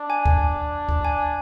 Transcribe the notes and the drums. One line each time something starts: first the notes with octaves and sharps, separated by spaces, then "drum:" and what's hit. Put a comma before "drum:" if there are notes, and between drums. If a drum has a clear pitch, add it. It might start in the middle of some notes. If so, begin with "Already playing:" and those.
Already playing: D4
G#5
drum: kick D2
drum: kick D2
G#5